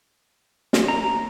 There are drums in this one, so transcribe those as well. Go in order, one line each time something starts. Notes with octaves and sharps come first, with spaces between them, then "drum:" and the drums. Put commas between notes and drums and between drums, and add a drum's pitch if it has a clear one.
drum: snare
A#5